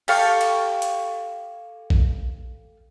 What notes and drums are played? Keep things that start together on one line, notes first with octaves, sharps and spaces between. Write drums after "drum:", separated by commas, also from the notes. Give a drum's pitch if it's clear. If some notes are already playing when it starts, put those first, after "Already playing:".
G4 A4 F5 C#6, drum: cymbal
drum: cymbal
drum: hi-hat
drum: kick A#1